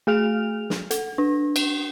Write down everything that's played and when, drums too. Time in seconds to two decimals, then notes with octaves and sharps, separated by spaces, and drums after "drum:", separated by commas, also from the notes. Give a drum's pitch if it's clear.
0.07 A3 G#4 F6 F7
0.70 drum: snare
0.91 A4, drum: hi-hat
1.18 D4
1.56 drum: cymbal